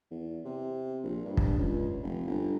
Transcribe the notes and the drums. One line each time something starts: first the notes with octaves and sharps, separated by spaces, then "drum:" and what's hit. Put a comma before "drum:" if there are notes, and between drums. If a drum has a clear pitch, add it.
E2
C3
A#1
G2
drum: kick
C#2
F1
G1